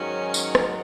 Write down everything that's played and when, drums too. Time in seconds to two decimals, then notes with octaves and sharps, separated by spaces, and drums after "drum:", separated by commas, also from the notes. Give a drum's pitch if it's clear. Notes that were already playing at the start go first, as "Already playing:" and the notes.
Already playing: G#2 D#3 F#3 C#4
0.34 drum: tambourine
0.55 drum: rim click